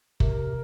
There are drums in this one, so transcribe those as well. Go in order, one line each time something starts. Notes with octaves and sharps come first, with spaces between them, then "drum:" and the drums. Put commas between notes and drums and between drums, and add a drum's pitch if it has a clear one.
C3 A#4, drum: kick